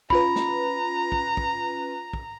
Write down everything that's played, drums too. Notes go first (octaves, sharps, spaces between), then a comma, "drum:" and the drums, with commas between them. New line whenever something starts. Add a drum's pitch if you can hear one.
C#4 F4 B4 A#5 B5, drum: kick
drum: snare
drum: kick
drum: kick
drum: kick